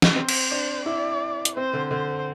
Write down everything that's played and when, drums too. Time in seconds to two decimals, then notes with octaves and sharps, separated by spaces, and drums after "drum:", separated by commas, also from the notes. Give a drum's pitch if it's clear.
0.02 drum: snare
0.16 C4 C5
0.29 drum: cymbal
0.51 D4
0.86 E4 D5
1.45 drum: hi-hat
1.56 C4 C5
1.73 D3
1.91 D3 C5